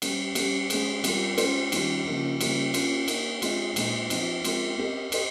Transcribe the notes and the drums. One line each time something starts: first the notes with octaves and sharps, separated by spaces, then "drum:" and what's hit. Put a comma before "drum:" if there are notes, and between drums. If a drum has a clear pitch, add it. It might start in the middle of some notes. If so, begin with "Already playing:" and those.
G3 C#4 G4, drum: cymbal
G3 C#4 G4, drum: cymbal
G#3 C#4 G#4, drum: cymbal
G3 C4 F4 A#4, drum: cymbal
G#3 C#4 F4 C5, drum: cymbal
D#3 G3 C#4 F4, drum: cymbal
C#3 F3 A#3 D#4
C#3 G3 A#3 F4, drum: cymbal
A#3 C#4 F4, drum: cymbal
A#3 D#4 A#4, drum: cymbal
G#3 C4 F4 G#4 D#5, drum: cymbal
A#2 G#3 D#4 G#4, drum: cymbal
F3 C4 D#4, drum: cymbal
G#3 C4 F4 A#4, drum: cymbal
C4 G4 A#4 D#5
G4 C5 D#5, drum: cymbal